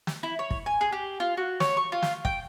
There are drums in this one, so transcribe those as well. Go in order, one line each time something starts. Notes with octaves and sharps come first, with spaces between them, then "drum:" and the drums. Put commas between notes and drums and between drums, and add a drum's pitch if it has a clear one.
drum: snare
E4
C#5
drum: kick
G#5
G#4
G4
F4
F#4
C#5, drum: snare
C#6
F4
drum: snare
G5, drum: kick